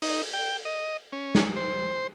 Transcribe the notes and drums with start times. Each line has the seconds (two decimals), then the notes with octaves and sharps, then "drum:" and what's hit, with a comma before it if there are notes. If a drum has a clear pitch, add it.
0.02 D#4, drum: open hi-hat
0.33 G5
0.65 D#5
1.12 C#4
1.35 drum: snare
1.56 C5